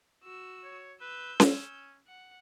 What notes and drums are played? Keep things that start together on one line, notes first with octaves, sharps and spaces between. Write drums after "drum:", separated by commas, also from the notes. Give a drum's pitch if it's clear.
F#4 E6
C#5
B4 E6 G6
C#4, drum: snare C#4
F#5